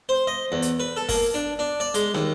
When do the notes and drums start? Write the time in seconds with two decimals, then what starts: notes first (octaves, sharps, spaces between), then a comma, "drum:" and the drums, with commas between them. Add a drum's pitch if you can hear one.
0.09 C5
0.27 D#5
0.52 E2
0.62 drum: hi-hat
0.80 B4
0.97 A4
1.09 A#3, drum: kick G1, open hi-hat
1.34 D4
1.59 D4
1.80 D5
1.94 G#3, drum: hi-hat
2.14 D#2, drum: snare